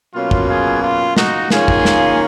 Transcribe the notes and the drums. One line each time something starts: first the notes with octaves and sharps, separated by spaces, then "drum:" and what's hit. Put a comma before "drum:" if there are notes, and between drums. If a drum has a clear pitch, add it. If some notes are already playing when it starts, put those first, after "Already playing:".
B2 F#3 A#3 C#4 F4
drum: kick
F4 G#4
F4
D#4 F#4, drum: snare
D#3 A#3 C#4 F4 G#4, drum: snare
drum: kick
drum: snare